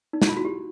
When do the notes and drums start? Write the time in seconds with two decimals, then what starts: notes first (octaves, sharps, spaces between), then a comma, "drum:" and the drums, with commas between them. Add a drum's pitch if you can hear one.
0.13 D#4
0.22 E4, drum: snare
0.29 F4
0.37 F#4
0.45 G4